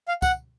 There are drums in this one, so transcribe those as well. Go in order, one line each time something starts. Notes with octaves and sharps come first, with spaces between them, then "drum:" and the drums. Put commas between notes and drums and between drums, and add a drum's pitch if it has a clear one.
F5
F#5, drum: kick, tambourine